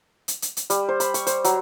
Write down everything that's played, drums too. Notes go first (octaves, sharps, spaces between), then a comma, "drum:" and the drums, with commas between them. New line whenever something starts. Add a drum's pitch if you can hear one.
drum: hi-hat
drum: hi-hat
drum: hi-hat
G3, drum: hi-hat
C5
B5, drum: hi-hat
C#6, drum: hi-hat
C5, drum: hi-hat
F#3, drum: hi-hat